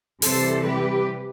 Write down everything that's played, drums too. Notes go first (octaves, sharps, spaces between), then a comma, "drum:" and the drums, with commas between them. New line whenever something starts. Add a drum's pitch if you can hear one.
C3 E3 G3 A4 C5, drum: open hi-hat
G4 B4